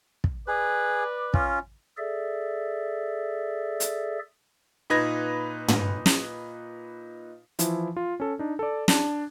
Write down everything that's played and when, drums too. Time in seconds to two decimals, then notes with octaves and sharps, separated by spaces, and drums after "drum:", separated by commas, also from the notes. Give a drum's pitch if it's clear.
0.24 drum: kick
0.48 G#4 B4 D5
1.34 C#4 F4, drum: kick
1.98 G#4 A4 D5 E5
3.80 drum: hi-hat
4.90 A#2 D#4 B4 G#6 A#6
5.68 drum: tom
6.06 drum: snare
7.59 E3 F3 E4, drum: hi-hat
7.96 F4
8.20 C#4 A4
8.39 D4 D#4
8.59 A4 D5
8.88 D4 A5, drum: snare